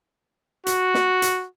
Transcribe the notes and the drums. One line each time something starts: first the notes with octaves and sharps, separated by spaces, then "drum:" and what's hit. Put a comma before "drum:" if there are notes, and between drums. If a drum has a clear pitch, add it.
F#4, drum: hi-hat
drum: snare
drum: hi-hat